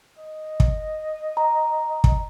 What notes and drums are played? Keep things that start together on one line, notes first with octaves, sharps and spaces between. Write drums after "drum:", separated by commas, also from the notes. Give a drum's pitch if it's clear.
D#5
drum: kick
A#5
drum: kick